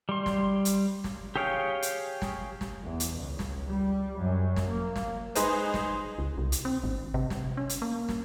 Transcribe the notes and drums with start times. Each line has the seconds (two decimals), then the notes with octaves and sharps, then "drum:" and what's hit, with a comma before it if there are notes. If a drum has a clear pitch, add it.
0.09 G3 C6
0.26 drum: snare
0.65 drum: hi-hat
1.04 drum: snare
1.36 G4 G#4 C#5 F5 G5
1.82 drum: hi-hat
2.22 drum: snare
2.61 drum: snare
2.82 E2
3.00 drum: hi-hat
3.19 C#2
3.39 drum: snare
3.69 G3
4.17 F#2
4.56 drum: snare
4.70 A#3
4.96 drum: snare
5.35 G#3 D#4 G#4 B4 C5, drum: hi-hat
5.74 drum: snare
6.18 C#2
6.38 C2
6.52 drum: hi-hat
6.65 C4
6.84 G#1
7.14 C3
7.30 drum: snare
7.57 C#4
7.69 drum: hi-hat
7.82 A#3
8.09 drum: snare